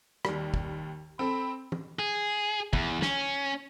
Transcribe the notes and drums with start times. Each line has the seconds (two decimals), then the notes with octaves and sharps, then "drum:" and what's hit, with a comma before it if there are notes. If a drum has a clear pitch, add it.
0.25 D#2 G3, drum: rim click
0.54 drum: kick
1.19 C4 A4 B5
1.72 drum: tom
1.99 G#4
2.73 E2, drum: kick
3.02 C#4, drum: snare